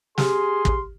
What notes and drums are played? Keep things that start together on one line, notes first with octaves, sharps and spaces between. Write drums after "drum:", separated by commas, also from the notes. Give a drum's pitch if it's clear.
G4 G#4 C6 F6, drum: snare
drum: kick